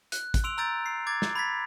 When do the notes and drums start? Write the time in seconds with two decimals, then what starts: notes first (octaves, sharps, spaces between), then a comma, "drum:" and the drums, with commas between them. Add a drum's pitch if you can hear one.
0.12 F#6, drum: hi-hat
0.34 drum: kick G#1, hi-hat
0.44 C6 E6 D7 F7
0.58 A#5 E6 G6 A6 D7
0.86 C7
1.07 D6 G#6 A6
1.22 drum: snare
1.36 B5 G#6 A6 B6